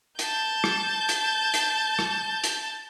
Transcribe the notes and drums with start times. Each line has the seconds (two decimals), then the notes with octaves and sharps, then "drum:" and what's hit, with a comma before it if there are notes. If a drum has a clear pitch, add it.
0.19 A5 G6, drum: hi-hat
0.64 drum: rim click
1.09 drum: hi-hat
1.54 drum: hi-hat
1.99 drum: rim click
2.44 drum: hi-hat